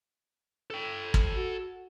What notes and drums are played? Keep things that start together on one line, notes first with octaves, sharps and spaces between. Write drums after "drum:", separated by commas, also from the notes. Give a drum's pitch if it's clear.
A4 G5
drum: kick
F#4